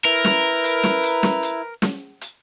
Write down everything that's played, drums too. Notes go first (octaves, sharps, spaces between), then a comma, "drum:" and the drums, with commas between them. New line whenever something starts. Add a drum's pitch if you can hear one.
E4 A#4 B4
drum: snare
drum: hi-hat
drum: snare
drum: hi-hat
drum: snare
drum: hi-hat
drum: snare
drum: hi-hat